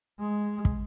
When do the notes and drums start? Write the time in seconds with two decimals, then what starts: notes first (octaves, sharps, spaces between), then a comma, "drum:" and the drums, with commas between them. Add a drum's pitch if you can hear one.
0.19 G#3
0.65 drum: kick